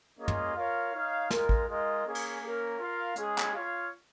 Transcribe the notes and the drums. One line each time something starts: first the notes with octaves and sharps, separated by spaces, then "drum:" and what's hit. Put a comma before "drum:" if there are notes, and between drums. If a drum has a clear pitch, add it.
A#3 C#4 F4 G#4 D#5
drum: tom
F4 A#4 C#5 F5
D#4 C#5 F5
G#3 F4 A#4, drum: snare
drum: kick A1
G#3 F4 A#4 D#5
A#3 C#4 G#4
drum: cymbal
A#3 C#4 A#4
F4 A#4 F5
G#3 C#4 G#4, drum: hi-hat
drum: clap
F4 C#5 F5